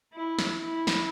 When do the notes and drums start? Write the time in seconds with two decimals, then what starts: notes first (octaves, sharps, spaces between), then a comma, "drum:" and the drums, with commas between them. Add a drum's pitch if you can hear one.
0.14 E4
0.39 drum: snare
0.62 E4
0.87 drum: snare